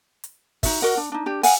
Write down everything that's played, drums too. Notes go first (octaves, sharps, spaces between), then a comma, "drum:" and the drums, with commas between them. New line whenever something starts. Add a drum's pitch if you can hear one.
drum: hi-hat
D#4 F#4 E5, drum: kick, open hi-hat
F#4 A#4 D#5 F#5
D4
D4 D#4
D4 G4
F5 F#5 G#5, drum: open hi-hat